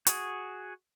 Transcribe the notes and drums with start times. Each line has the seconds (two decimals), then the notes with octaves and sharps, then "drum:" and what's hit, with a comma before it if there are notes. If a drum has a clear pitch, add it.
0.07 F#4 G#4, drum: hi-hat